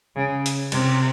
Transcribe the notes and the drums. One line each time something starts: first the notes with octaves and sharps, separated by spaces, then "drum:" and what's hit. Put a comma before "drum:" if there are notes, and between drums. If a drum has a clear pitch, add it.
C#3
drum: hi-hat
C3, drum: cymbal